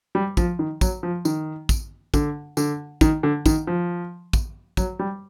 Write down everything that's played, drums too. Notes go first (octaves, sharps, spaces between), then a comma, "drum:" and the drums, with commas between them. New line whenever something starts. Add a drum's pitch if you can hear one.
G3
F3, drum: kick, tambourine
D#3
F#3, drum: kick, tambourine
F3
D#3, drum: tambourine
drum: kick, tambourine
D3, drum: kick, tambourine
D3, drum: tambourine
D#3, drum: kick, tambourine
D3
D#3, drum: kick, tambourine
F3
drum: kick, tambourine
F#3, drum: kick, tambourine
G3